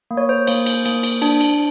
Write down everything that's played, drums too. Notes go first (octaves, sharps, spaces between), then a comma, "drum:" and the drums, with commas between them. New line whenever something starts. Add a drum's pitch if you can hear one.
A#3
C#5
C5
A#3 C5, drum: cymbal
drum: cymbal
A#3, drum: cymbal
drum: cymbal
D4, drum: cymbal
drum: cymbal